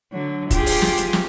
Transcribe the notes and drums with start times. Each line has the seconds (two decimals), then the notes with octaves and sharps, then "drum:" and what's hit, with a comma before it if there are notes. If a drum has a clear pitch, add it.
0.12 D3 F#3
0.50 F4 G4 G#4, drum: kick, hi-hat
0.66 drum: open hi-hat
0.82 drum: snare
0.97 drum: hi-hat
1.13 drum: snare